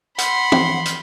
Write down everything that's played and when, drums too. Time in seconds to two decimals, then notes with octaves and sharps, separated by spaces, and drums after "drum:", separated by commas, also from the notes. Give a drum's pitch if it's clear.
0.18 F#5 B5 C6, drum: hi-hat
0.52 drum: tom
0.86 drum: hi-hat